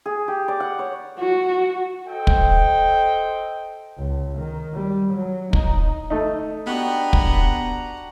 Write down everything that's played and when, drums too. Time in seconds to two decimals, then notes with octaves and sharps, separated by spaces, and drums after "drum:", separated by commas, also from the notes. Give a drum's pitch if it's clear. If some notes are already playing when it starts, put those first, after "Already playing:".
0.06 G#4
0.28 G4
0.48 D5
0.60 F#5
0.79 C#5
1.19 F#4
2.07 A4 C5 D#5 G5
2.27 drum: kick
3.98 C#2
4.39 D#3
4.74 G3
5.14 F#3
5.53 D#4, drum: kick
6.10 A3 D#4
6.66 B3 D4 F#4 G4 F#5 A#5
7.13 drum: kick